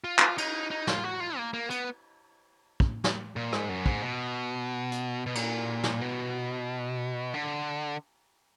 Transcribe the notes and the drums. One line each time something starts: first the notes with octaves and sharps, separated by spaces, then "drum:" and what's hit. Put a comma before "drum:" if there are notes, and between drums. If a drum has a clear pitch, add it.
F4
drum: clap
D#4, drum: cymbal
D#4
F4, drum: snare
F#4
F4
A#3
A#3
B3, drum: hi-hat
drum: kick
drum: snare
A#2
G#2, drum: rim click
F#2
G#2, drum: kick
B2
drum: hi-hat
B2
A#2, drum: cymbal
drum: snare
B2
D3